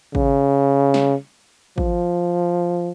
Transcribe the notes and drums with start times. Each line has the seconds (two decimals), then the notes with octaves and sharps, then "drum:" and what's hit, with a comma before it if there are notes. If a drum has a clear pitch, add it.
0.15 C#3, drum: kick
0.94 drum: snare
1.78 F3, drum: kick